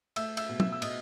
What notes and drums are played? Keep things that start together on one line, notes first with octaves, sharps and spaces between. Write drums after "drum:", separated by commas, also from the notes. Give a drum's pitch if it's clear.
A3 E5 E6, drum: cymbal
E5 E6, drum: cymbal
B2
E5 E6, drum: tom
E6
B2 D#5 D#6, drum: cymbal